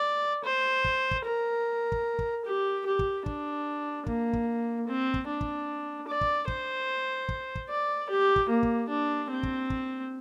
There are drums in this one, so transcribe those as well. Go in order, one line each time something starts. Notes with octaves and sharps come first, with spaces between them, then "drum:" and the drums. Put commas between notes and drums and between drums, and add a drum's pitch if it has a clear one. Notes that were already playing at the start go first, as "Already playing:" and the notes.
Already playing: D5
C5
drum: kick
drum: kick
A#4
drum: kick
drum: kick
G4
G4
drum: kick
D4, drum: kick
A#3, drum: kick
drum: kick
C4
drum: kick
D4
drum: kick
D5
drum: kick
C5, drum: kick
drum: kick
drum: kick
D5
G4
drum: kick
A#3
drum: kick
D4
C4
drum: kick
drum: kick